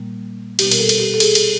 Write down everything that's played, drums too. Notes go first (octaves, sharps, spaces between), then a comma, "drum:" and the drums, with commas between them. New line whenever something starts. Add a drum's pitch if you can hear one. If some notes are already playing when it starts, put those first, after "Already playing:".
Already playing: A#2 G3 A#3
B2 G3 B3 D#4 G4, drum: cymbal
A#4, drum: cymbal
A4
drum: cymbal
G4
A4
G#4, drum: cymbal
drum: cymbal